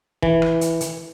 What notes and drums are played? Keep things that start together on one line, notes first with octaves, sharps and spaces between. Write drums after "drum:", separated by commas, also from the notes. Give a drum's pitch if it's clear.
E3, drum: kick
drum: rim click
drum: hi-hat
drum: hi-hat